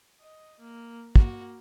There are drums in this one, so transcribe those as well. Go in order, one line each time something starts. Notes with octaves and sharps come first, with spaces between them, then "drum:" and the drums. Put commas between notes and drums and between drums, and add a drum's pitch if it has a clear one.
D#5
A#3
A#3 F#4, drum: kick